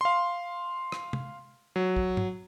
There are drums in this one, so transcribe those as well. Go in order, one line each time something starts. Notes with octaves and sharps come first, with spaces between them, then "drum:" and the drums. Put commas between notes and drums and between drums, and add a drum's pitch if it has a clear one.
F5 C6
drum: rim click
drum: tom
F#3
drum: kick
drum: tom G#2